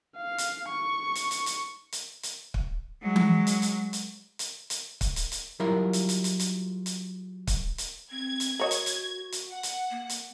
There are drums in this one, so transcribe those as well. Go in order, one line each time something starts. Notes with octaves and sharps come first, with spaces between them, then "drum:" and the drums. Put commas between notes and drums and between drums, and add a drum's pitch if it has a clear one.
F5
drum: hi-hat
C#6
drum: hi-hat
drum: hi-hat
drum: hi-hat
drum: hi-hat
drum: hi-hat
drum: kick
F#3 G#3
drum: tom E3
drum: hi-hat
drum: hi-hat
drum: hi-hat
drum: hi-hat
drum: hi-hat
drum: kick, hi-hat
drum: hi-hat
drum: hi-hat
F#3 G3 E4 F4 A#4
drum: hi-hat
drum: hi-hat
drum: hi-hat
drum: hi-hat
drum: hi-hat
drum: kick, hi-hat
drum: hi-hat
C4 G#6
drum: hi-hat
F#4 A#4 C#5 D#5
drum: hi-hat
drum: hi-hat
drum: hi-hat
F#5
drum: hi-hat
A#3
drum: hi-hat